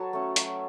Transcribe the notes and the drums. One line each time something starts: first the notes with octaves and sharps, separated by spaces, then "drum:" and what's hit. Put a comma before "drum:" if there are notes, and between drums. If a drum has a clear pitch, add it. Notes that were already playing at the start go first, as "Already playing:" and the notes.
Already playing: F#3 A4 B4 C#5 A5
A3 C#4
F#3, drum: hi-hat